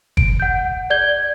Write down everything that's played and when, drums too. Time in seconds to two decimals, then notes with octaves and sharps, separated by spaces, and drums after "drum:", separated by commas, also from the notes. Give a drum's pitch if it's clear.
0.17 D7, drum: kick
0.40 F#5 G6
0.90 D5 G6 G#6 G7